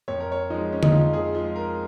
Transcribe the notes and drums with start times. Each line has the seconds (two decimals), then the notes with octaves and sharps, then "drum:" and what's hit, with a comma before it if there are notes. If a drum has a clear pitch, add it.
0.08 F2 C#5
0.20 A#4
0.32 C#5
0.50 F3 G#3 D#4
0.73 C#4
0.83 D#4, drum: tom D3
0.92 F2 F4
1.13 G#4
1.34 F3 G#3 F4
1.56 A#4